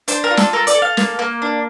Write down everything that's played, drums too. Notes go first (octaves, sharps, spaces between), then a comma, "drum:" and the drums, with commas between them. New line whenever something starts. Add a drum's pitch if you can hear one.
D4 C5, drum: hi-hat
A#4
F4
A4, drum: snare
A4 A#4
D5, drum: hi-hat
A4
F5
A#3, drum: snare
A#3
D4